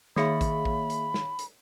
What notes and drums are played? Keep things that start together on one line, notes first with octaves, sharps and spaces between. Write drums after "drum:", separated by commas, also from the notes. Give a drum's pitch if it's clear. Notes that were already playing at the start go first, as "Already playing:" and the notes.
D#3 A#3 G#4 C#5 E5 F5 B5, drum: snare
drum: kick A1, hi-hat
drum: kick A1
drum: hi-hat
drum: snare
drum: hi-hat